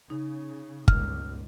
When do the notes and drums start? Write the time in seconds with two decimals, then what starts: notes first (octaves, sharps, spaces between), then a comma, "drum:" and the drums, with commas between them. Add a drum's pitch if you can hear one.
0.10 C#3 D#4
0.88 G1 C#2 A#2 F6, drum: kick G1